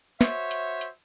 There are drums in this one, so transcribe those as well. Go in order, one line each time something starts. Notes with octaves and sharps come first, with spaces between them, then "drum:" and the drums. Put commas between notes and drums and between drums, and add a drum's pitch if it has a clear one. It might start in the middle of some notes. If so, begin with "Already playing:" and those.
F#4 C5 C#5 E5, drum: snare
drum: hi-hat
drum: hi-hat